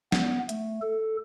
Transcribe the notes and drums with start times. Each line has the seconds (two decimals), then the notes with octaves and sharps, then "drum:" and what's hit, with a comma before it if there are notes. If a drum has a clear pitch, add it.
0.12 B3, drum: snare
0.49 A3, drum: hi-hat
0.82 A4